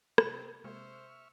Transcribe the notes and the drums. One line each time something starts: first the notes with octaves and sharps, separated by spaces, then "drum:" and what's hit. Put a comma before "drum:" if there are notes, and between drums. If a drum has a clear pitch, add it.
C3 C4 A#4 B5 E7 F#7, drum: rim click
C3 G#3 A#3 C5 E5 C#6 F6